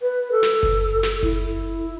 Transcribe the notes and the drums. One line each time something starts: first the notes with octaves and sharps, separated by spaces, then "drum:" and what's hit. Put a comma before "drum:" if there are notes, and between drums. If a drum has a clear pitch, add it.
B4
A4
drum: snare
drum: kick F#1
drum: snare
E4, drum: kick F#1